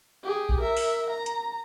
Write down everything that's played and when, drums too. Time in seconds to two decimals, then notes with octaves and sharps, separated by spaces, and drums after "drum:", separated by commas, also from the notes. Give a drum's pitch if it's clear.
0.24 G4 G#4
0.49 drum: kick A#1
0.61 A#4 E5
0.77 drum: open hi-hat
1.10 A#5
1.26 drum: hi-hat